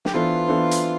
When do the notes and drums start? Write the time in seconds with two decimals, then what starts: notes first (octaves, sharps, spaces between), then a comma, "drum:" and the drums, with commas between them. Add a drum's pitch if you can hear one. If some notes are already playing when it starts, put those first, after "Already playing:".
0.05 G4, drum: snare
0.14 E3 B3 D4 F4 A4 C5
0.48 E3 B3 D4 A4 C5
0.71 drum: hi-hat